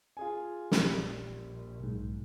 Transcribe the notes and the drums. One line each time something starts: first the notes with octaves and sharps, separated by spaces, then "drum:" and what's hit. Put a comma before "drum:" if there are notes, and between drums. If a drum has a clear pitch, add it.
F4 G#4 G#5
A#1 G3, drum: snare
B1 G#2